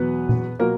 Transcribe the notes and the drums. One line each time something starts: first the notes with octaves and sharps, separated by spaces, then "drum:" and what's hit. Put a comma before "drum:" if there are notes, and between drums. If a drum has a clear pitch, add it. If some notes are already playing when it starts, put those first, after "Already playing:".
Already playing: E2 B2 F#3 B3 B4
drum: tom A#2
B2 F#3 A#3 A#4